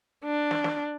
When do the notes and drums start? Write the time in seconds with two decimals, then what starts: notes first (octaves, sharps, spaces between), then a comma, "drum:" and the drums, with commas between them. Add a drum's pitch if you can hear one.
0.24 D4
0.51 drum: snare
0.64 drum: snare